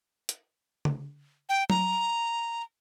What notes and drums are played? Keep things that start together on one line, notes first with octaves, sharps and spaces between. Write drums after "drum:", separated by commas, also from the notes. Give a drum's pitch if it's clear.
drum: hi-hat
drum: tom C#3
G5
A#5, drum: tom F#3